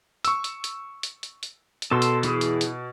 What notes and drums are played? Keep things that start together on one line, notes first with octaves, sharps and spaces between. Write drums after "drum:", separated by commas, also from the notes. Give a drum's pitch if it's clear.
C#6 E6, drum: hi-hat
drum: hi-hat
drum: hi-hat
drum: hi-hat
drum: hi-hat
drum: hi-hat
drum: hi-hat
B2 A4 C6 E6
drum: hi-hat
E3 E4 G#4, drum: hi-hat
drum: hi-hat
drum: hi-hat